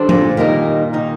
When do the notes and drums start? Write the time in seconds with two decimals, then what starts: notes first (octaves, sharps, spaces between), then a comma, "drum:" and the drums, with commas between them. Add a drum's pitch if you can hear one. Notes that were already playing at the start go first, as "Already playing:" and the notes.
Already playing: D#3 G3 D4 A4 C5
0.09 A#2 D3, drum: tom F3
0.37 A#2 D#3 G3 A#3 D#4 A#4
0.93 D#3 A#3 D#4